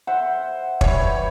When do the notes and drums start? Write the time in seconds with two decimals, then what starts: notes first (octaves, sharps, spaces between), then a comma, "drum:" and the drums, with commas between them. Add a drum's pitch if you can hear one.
0.07 C5 E5 F#5
0.81 E3 G3 C#5, drum: kick